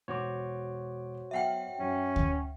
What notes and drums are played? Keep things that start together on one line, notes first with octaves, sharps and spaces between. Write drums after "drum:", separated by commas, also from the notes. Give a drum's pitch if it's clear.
E1 F#4 C5 C#5 D6
F#3 B3 E5 F#5 G5 C7
F#2 C#4
drum: kick D2